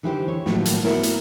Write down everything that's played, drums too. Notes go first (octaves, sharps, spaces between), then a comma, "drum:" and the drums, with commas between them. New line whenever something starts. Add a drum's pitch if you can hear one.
D3 E3 D#4 E4 G4 C5
C#5
A2 D#3 F3 F#3 A3 A#3, drum: snare
drum: hi-hat
B3 E4 F#4 A#4, drum: snare
drum: hi-hat